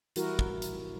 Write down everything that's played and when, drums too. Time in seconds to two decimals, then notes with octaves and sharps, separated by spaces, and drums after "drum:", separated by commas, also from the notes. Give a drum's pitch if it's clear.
0.16 E3 G3 E4 F#4 A#4, drum: hi-hat
0.39 drum: kick
0.62 drum: hi-hat